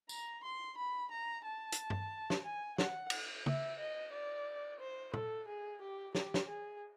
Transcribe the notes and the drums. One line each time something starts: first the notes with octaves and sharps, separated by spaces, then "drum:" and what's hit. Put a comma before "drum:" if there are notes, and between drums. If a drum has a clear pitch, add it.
A#5, drum: tambourine
C6
B5
A#5
A5
drum: hi-hat
drum: tom G2
drum: snare
G#5
F#5, drum: snare
drum: cymbal
E5, drum: tom
D#5
D5
C5
A4, drum: tom
G#4
G4
G4, drum: snare
drum: snare
G#4